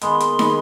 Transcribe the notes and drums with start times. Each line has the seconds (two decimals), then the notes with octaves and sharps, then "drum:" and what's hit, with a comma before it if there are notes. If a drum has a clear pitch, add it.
0.01 D#3 G#3 B3 C6, drum: hi-hat
0.20 drum: hi-hat
0.39 D#3 G#3 B3, drum: snare